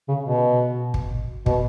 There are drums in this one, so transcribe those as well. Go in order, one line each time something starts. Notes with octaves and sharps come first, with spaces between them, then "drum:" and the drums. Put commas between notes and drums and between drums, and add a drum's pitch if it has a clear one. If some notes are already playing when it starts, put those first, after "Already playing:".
C#3
B2
drum: kick
B2, drum: kick